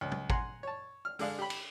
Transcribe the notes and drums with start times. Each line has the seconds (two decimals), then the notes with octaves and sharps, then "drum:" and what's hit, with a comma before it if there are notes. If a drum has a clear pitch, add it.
0.01 C#2
0.12 drum: tom
0.30 F#5 G#5 A#5 C6, drum: kick
0.63 C#5 A5
1.05 F6
1.19 D3 G#3 D4 F5, drum: open hi-hat
1.39 G4 G5 B5
1.50 drum: cymbal